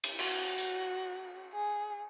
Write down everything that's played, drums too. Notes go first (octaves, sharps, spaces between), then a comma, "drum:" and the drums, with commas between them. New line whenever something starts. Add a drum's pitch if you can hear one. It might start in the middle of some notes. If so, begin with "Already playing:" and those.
drum: cymbal
F#4, drum: cymbal
drum: tambourine
G#4